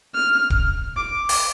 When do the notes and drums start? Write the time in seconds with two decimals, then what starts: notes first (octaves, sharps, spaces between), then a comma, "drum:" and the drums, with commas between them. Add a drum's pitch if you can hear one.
0.15 F6
0.50 drum: kick D1
0.97 D6
1.29 drum: open hi-hat